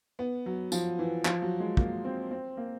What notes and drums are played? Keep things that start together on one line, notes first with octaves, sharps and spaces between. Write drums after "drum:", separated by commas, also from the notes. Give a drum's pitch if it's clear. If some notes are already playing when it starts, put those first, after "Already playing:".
B3
F#3
F3, drum: tambourine
E3
F3, drum: clap
F#3
G#3
A#3, drum: kick
C4
C4
A#3